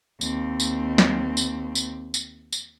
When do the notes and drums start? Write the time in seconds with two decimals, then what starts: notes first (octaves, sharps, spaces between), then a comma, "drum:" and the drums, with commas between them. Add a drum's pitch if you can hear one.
0.21 D#2 C4, drum: tambourine
0.60 drum: tambourine
0.98 drum: snare
1.37 drum: tambourine
1.75 drum: tambourine
2.14 drum: tambourine
2.52 drum: tambourine